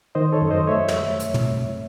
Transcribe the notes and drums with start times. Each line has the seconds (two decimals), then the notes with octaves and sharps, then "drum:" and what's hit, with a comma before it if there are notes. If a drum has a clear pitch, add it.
0.15 D#3 C5 D#5
0.33 A4 C#5
0.42 F#2
0.50 C5 D#5
0.67 A3 C#5 E5
0.88 drum: snare
1.20 drum: hi-hat
1.34 drum: tom